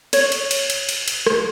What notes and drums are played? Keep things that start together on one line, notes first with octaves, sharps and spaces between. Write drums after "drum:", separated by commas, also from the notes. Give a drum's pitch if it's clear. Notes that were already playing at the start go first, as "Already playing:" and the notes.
C#5, drum: cymbal
drum: cymbal
drum: cymbal
drum: cymbal
drum: cymbal
drum: cymbal
drum: rim click